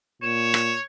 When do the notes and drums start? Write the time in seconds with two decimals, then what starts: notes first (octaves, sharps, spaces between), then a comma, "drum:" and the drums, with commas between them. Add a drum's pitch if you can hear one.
0.22 A#2 C#5 E7
0.54 drum: rim click